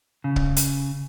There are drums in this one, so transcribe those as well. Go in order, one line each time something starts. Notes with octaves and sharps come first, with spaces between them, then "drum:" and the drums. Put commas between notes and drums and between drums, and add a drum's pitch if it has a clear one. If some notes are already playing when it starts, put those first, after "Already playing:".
C#3
drum: kick
drum: hi-hat